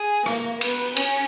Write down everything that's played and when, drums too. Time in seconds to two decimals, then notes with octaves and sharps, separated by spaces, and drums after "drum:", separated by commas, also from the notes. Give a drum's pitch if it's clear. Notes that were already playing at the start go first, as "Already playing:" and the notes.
Already playing: G#4
0.26 A#3, drum: rim click
0.61 B3, drum: cymbal
0.96 C#4, drum: cymbal